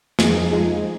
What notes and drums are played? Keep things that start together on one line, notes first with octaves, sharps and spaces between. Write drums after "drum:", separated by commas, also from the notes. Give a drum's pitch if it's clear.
F2 F3 G#3 D#4 G#4, drum: snare
F2 F3 G#3 D#4 G#4